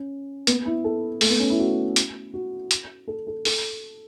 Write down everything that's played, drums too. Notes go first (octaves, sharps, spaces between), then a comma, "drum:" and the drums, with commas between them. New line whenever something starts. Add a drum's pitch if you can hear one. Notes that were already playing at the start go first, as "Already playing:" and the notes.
Already playing: C#4
B3, drum: hi-hat
E4
A4
A3, drum: open hi-hat
B3
C#4
E4
F#4
drum: hi-hat
F#4
drum: hi-hat
A4
A4
A4, drum: open hi-hat